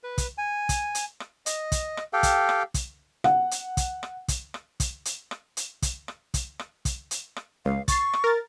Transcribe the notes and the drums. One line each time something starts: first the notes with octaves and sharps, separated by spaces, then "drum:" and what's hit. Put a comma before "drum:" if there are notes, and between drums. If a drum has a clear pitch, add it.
B4
drum: kick, hi-hat
G#5
drum: kick, hi-hat
drum: hi-hat
drum: rim click
D#5, drum: hi-hat
drum: kick, hi-hat
drum: rim click
G4 A4 F5 G5
drum: kick, hi-hat
drum: rim click
drum: kick, hi-hat
F#5, drum: rim click
drum: hi-hat
drum: kick, hi-hat
drum: rim click
drum: kick, hi-hat
drum: rim click
drum: kick, hi-hat
drum: hi-hat
drum: rim click
drum: hi-hat
drum: kick, hi-hat
drum: rim click
drum: kick, hi-hat
drum: rim click
drum: kick, hi-hat
drum: hi-hat
drum: rim click
C#2 F5
C#6 A6 C7, drum: kick, hi-hat
drum: rim click
A#4 A6